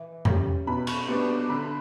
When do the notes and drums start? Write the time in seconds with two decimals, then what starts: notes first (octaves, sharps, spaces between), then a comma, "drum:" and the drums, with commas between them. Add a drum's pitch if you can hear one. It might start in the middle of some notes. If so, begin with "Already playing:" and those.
Already playing: E3
0.25 G3 C#4, drum: tom E2
0.67 B2 B5
0.87 C#6, drum: cymbal
1.08 G3 B3 D4 C#6
1.29 D6
1.49 D3 B5